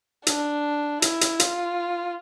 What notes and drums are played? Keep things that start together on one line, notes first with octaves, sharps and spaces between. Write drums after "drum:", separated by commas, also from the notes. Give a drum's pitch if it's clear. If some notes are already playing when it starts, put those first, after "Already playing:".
D4, drum: hi-hat
E4, drum: hi-hat
drum: hi-hat
F4, drum: hi-hat